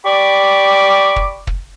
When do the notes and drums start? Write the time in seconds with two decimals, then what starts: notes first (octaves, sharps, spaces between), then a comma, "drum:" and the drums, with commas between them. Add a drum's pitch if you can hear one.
0.05 G4 D5 B5 C#6 D6
1.16 drum: kick
1.47 drum: kick